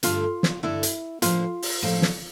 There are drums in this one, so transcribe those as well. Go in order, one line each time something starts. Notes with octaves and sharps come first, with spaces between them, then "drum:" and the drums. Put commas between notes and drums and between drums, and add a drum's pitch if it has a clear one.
G2 D3 A3 D4 F4 A4, drum: hi-hat
drum: snare
G2 D3 A3 D4 E4 A4
drum: hi-hat
A2 F3 A#3 D4 F4 A4, drum: hi-hat
drum: open hi-hat
A2 F3 A#3 D4 A4
drum: snare